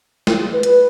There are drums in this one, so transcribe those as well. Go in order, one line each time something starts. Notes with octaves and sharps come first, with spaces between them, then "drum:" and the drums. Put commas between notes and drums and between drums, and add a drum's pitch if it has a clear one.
F4, drum: snare
G#4
B4
B4, drum: hi-hat